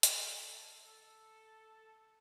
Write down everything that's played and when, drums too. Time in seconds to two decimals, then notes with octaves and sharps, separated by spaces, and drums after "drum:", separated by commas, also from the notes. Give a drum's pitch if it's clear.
0.03 A4, drum: hi-hat
0.85 A4